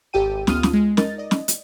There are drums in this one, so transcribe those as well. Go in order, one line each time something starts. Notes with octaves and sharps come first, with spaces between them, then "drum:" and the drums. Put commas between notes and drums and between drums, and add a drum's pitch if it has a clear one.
G#1 G4 A4 G5 D#7
D2 B3 F4 D#6 F6 D#7, drum: snare
drum: snare
G#3
D#4 A#4 D#5 A6, drum: snare
D5 D#5
drum: snare
drum: hi-hat